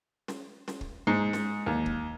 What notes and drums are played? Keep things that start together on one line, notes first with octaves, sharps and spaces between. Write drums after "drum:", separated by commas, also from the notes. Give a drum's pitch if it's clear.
drum: snare
drum: snare
drum: kick
G#2
drum: snare
D#2
drum: kick